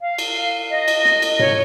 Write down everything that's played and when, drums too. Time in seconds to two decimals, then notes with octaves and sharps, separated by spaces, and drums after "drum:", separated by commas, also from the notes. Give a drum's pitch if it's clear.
0.01 F5
0.18 drum: cymbal
0.70 D#5
0.88 drum: cymbal
1.05 drum: snare
1.22 drum: cymbal
1.39 C#5, drum: tom G#2